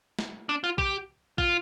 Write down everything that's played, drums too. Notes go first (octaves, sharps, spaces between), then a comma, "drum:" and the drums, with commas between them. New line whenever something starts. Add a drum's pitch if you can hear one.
drum: snare
D4
F4
G4, drum: kick
F4, drum: kick